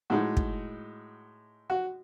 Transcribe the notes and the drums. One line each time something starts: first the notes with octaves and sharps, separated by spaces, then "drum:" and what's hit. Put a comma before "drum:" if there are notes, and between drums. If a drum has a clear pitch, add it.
A2 G#3 D#4 F#4
drum: kick
F#4